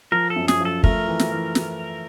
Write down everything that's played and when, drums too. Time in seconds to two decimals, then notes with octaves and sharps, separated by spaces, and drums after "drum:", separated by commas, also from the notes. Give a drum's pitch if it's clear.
0.12 F3 A#4
0.30 A4
0.36 F#2
0.48 G#4, drum: snare
0.60 F3 A4
0.83 A3 A#4, drum: kick
1.08 E3
1.20 drum: snare
1.32 E3
1.55 drum: snare